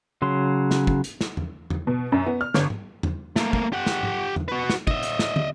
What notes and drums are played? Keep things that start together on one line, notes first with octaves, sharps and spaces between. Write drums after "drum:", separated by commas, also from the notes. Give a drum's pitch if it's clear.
C#3 F#3 C6
drum: snare
drum: kick
drum: hi-hat
drum: snare
drum: tom E2
drum: tom E2
B2
F#2
B3
F6
G1, drum: snare
drum: tom G#2
drum: tom E2
A3 A#3, drum: snare
drum: kick
G4 F#5
drum: snare
drum: tom G#2
drum: tom E2
F#4 B4
drum: snare
D#5 E5, drum: kick
drum: hi-hat
drum: snare
drum: tom